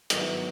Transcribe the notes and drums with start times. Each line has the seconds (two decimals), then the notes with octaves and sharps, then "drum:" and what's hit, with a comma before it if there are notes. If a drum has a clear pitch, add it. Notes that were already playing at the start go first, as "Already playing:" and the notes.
0.10 G#2 D#3 F#3 B3 E4, drum: hi-hat